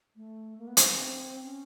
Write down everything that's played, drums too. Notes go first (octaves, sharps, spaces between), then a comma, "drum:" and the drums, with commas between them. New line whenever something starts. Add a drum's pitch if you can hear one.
A3
A#3
B3
C4, drum: hi-hat
C#4